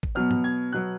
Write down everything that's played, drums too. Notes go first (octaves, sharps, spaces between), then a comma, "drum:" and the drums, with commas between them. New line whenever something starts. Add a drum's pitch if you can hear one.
drum: kick A1
B2 F#3 B3 F6
drum: tom
G#6
B2 F#3 B3 F#6